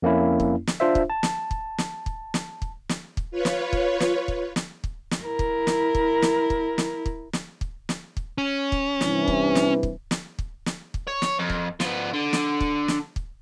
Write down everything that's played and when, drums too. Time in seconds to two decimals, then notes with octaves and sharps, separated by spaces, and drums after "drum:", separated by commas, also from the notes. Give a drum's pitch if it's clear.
0.02 F2 A#3 C#4 E4
0.40 drum: kick
0.67 drum: snare
0.80 D4 F4 C5 E5
0.95 drum: kick
1.10 A5
1.23 drum: snare
1.51 drum: kick
1.78 drum: snare
2.06 drum: kick
2.34 drum: snare
2.62 drum: kick
2.89 drum: snare
3.17 drum: kick
3.31 F4 B4 C#5
3.45 drum: snare
3.73 drum: kick
4.00 drum: snare
4.28 drum: kick
4.56 drum: snare
4.84 drum: kick
5.11 drum: snare
5.23 E4 A#4
5.39 drum: kick
5.67 drum: snare
5.95 drum: kick
6.22 drum: snare
6.50 drum: kick
6.78 drum: snare
7.06 drum: kick
7.33 drum: snare
7.61 drum: kick
7.89 drum: snare
8.17 drum: kick
8.38 C#4
8.72 drum: kick
9.01 G2 C3 E3, drum: snare
9.28 drum: kick
9.55 drum: snare
9.83 drum: kick
10.11 drum: snare
10.39 drum: kick
10.66 drum: snare
10.94 drum: kick
11.07 C#5
11.22 drum: snare
11.39 F2
11.50 drum: kick
11.80 F3 B3, drum: snare
12.13 D3
12.33 drum: snare
12.61 drum: kick
12.88 drum: snare
13.16 drum: kick